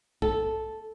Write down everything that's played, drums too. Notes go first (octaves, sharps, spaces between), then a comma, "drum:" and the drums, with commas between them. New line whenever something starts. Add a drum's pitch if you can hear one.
A4, drum: kick